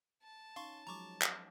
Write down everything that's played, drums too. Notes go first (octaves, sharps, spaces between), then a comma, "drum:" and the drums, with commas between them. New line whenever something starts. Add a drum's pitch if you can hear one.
A5
C#4 D#4 F5 C6 C#6
F3 F#3 G#3 A#5 C#6 D6
drum: clap